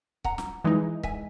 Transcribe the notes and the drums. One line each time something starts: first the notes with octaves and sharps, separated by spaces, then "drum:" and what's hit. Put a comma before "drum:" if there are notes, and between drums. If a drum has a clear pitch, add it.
F#5 A#5, drum: kick C#1
drum: snare
E3 G#3 D#4
E5 G#5, drum: kick C#1